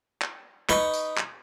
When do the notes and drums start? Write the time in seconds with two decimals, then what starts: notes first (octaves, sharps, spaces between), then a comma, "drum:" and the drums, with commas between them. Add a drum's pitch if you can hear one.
0.22 drum: clap
0.69 D#4 B4 D#5 C#6, drum: clap
0.93 drum: tambourine
1.17 drum: clap